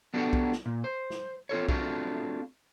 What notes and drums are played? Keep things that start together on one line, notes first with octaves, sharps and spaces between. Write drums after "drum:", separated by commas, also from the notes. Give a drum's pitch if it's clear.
B3 D4 F#4 G4 A4 F#5
drum: kick B1
drum: snare
A#2
C5
drum: snare
C4 F4 A4 C#5
A3 C4 D4 F4 F#4 G#4, drum: kick B1